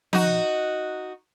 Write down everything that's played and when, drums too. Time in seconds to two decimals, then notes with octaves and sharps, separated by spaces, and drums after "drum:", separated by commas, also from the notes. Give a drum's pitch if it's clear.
0.13 D#4 F#4, drum: tom F3